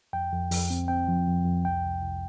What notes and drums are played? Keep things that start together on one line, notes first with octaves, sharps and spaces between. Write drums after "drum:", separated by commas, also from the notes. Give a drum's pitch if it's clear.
F2 G5
F2
F2, drum: open hi-hat
C4
C4 G5
F3
F2
F2
C2 G5
C2
C2